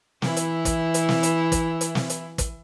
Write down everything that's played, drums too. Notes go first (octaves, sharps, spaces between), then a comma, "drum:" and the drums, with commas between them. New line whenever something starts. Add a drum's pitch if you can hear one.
E3 E4, drum: snare
drum: hi-hat
drum: kick, hi-hat
drum: hi-hat
drum: snare
drum: hi-hat
drum: kick, hi-hat
drum: hi-hat
drum: snare
drum: hi-hat
drum: kick, hi-hat